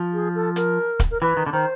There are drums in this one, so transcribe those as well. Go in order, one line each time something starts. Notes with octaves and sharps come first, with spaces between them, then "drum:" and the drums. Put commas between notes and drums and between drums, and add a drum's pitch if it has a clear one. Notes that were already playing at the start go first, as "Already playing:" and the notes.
Already playing: F3
G#4
A4
A#4, drum: hi-hat
drum: kick, hi-hat
A#4
E3 B4
D#3
D3
D#3 C5